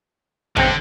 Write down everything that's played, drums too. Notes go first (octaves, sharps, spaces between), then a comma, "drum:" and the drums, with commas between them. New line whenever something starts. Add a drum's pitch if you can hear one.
B1 G2 D3 C4, drum: kick